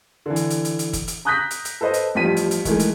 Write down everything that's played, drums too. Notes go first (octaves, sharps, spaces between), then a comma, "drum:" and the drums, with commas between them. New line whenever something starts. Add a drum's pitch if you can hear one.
D3 E3
drum: hi-hat
drum: hi-hat
drum: hi-hat
drum: hi-hat
drum: kick F#1, hi-hat
drum: hi-hat
A#5 D#6 F#6 G6 A#6 B6
drum: hi-hat
drum: hi-hat
A4 B4 C5 D#5
drum: hi-hat
A1 G2 F3 B6 D#7
drum: hi-hat
drum: hi-hat
D#3 E3 G#3 A3, drum: kick F#1, hi-hat
drum: hi-hat